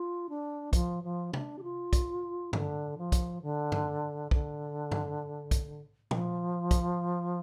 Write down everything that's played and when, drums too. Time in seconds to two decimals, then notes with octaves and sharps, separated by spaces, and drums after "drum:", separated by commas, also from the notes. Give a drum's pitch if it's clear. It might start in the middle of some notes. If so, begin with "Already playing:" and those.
Already playing: F4
0.29 D4
0.73 F3, drum: kick, hi-hat
1.03 F3
1.33 D4, drum: tom C3
1.58 G4
1.63 F4
1.93 drum: kick, hi-hat
2.53 D3, drum: tom G2
2.97 F3
3.12 drum: kick, hi-hat
3.42 D3
3.72 drum: tom G2
4.31 D3, drum: kick
4.92 drum: tom G2
5.51 drum: kick, hi-hat
6.11 F3, drum: tom
6.71 drum: kick, hi-hat